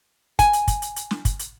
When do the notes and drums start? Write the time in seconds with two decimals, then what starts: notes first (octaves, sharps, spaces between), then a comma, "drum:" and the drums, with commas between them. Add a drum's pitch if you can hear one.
0.39 G#5, drum: kick, hi-hat
0.53 drum: hi-hat
0.68 drum: kick, hi-hat
0.82 drum: hi-hat
0.96 drum: hi-hat
1.11 drum: snare
1.25 drum: kick, hi-hat
1.39 drum: hi-hat